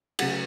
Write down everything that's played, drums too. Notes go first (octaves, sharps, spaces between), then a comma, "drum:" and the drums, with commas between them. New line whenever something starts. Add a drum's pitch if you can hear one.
C#3 F#3 A3 F#5, drum: cymbal